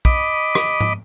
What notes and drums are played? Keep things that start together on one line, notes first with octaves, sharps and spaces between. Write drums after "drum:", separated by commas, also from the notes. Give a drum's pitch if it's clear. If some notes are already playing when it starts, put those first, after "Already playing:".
D#5 B5 D6, drum: kick
drum: rim click
drum: tom G#2